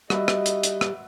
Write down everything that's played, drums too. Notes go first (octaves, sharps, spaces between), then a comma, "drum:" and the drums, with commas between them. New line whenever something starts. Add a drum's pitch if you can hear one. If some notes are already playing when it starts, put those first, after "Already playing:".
G3 F#4 B4 D#5 E5, drum: rim click
drum: rim click
drum: hi-hat
drum: hi-hat
drum: rim click